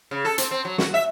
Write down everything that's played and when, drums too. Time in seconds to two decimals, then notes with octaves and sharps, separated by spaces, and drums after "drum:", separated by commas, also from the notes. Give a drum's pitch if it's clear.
0.11 C#3
0.25 A4
0.38 C4, drum: hi-hat
0.51 C4
0.65 F#3
0.78 F#4, drum: snare
0.94 E5